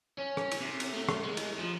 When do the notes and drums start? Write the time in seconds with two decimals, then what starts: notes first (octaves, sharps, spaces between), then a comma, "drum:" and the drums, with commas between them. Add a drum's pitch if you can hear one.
0.19 C#4
0.37 drum: rim click
0.51 drum: cymbal
0.61 C3
0.80 drum: cymbal
0.93 A3
1.09 drum: rim click
1.23 G#3
1.37 drum: cymbal
1.59 F3